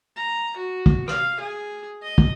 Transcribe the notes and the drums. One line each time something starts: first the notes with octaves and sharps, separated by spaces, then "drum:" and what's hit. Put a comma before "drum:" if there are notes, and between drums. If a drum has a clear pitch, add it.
A#5
F#4
drum: kick
F5, drum: rim click
G#4
D#5
drum: kick